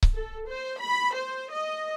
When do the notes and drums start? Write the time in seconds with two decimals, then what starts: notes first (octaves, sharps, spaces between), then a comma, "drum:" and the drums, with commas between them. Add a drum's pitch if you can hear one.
0.03 drum: kick C#1
0.14 A4
0.48 C5
0.79 B5
1.14 C5
1.52 D#5